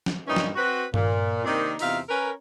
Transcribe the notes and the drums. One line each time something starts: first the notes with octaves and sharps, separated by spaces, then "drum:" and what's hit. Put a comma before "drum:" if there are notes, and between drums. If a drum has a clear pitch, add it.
drum: snare
G2 A#2 E3 C#4 D#4
drum: snare
C4 F#4 B4
A#2, drum: tom G2
C3 D#3 A#3 C4 D4 D#4
E2 C3 D#4 F4 E5 F5, drum: open hi-hat
C#4 A#4 B4